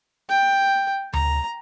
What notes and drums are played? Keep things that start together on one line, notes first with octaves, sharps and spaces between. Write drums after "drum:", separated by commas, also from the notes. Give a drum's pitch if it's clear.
G5
A#5, drum: tom D2